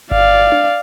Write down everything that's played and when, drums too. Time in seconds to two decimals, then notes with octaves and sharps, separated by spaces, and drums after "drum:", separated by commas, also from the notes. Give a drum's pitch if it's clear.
0.11 D5 F5, drum: kick G1
0.52 drum: tom D4